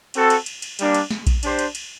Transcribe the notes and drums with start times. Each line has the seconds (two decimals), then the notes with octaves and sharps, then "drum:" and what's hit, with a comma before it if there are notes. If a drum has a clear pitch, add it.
0.14 C4 F#4 A4, drum: cymbal
0.30 drum: cymbal
0.46 drum: cymbal
0.62 drum: cymbal
0.79 G3 A#3 D4, drum: cymbal
0.94 drum: cymbal
1.11 drum: snare
1.27 drum: kick A#1, cymbal
1.43 D4 G4 C5, drum: cymbal
1.59 drum: cymbal
1.75 drum: cymbal